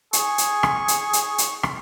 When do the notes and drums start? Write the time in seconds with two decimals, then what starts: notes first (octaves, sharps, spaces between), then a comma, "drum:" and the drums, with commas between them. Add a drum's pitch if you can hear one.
0.13 G#4 C#6, drum: hi-hat
0.38 drum: hi-hat
0.63 drum: rim click
0.88 drum: hi-hat
1.13 drum: hi-hat
1.38 drum: hi-hat
1.63 drum: rim click